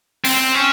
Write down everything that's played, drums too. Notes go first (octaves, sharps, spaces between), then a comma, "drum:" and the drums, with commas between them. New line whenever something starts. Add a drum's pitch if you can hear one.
C4, drum: open hi-hat
C#4